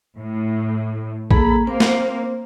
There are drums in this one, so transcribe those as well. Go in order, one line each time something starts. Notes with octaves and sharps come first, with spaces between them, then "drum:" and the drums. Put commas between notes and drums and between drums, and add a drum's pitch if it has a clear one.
A2
A#3 G#4 A4 A#5 B5, drum: kick A#1
A#3 C4 C5
drum: snare